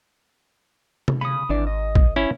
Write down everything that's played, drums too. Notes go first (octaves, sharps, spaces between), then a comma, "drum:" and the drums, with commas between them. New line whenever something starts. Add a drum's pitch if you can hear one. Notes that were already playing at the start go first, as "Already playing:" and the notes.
drum: tom C3
C#3 B5 D#6
G#1 E3 D4 D5
D#5
drum: kick
C#4 E4